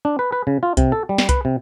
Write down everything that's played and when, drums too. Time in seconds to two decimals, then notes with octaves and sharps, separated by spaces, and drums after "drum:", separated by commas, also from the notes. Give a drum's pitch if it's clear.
0.05 D4
0.19 B4
0.32 B4
0.47 C#3
0.63 F4
0.77 C3, drum: kick C2, hi-hat
0.92 A4
1.09 G3
1.18 drum: snare
1.29 B4, drum: kick C2, hi-hat
1.45 C3